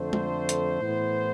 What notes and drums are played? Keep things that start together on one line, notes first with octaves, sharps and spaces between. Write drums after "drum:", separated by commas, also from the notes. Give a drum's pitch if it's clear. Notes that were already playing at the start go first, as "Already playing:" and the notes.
Already playing: F2 D3 A3 C5
drum: tom
drum: hi-hat
A2 E3 B3